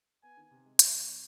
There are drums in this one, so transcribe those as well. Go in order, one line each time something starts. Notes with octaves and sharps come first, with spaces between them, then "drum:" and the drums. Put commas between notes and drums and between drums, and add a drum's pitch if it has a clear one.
B3 G#5
D#3
C3
G#3
G3, drum: hi-hat
C3